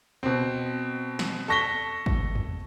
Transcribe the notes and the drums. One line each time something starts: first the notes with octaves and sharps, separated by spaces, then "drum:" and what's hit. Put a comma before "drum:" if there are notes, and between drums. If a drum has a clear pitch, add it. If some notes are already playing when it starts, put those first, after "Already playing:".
B2 C4
drum: snare
A4 C#6 A#6 B6 G7
drum: kick G#1
drum: tom E2